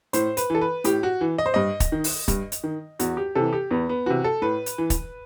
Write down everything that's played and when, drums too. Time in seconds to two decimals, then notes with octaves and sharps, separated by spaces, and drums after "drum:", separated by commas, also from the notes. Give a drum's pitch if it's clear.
0.13 A2 C5, drum: hi-hat
0.37 B4, drum: hi-hat
0.50 E3 A4
0.61 B4
0.84 A2 G4, drum: hi-hat
1.03 F#4
1.21 E3
1.38 D#5
1.46 C5
1.54 G2 D#5
1.80 drum: kick, hi-hat
1.92 D#3
2.04 drum: open hi-hat
2.28 G2, drum: kick, hi-hat
2.52 drum: hi-hat
2.64 D#3
2.99 E2 F#4, drum: hi-hat
3.17 G4
3.35 C3 E3 A4
3.53 G4
3.71 E2 B3
3.89 B3
4.06 C3 E3 F#4
4.24 A4
4.42 A2 B4
4.66 drum: hi-hat
4.78 E3
4.90 drum: kick, hi-hat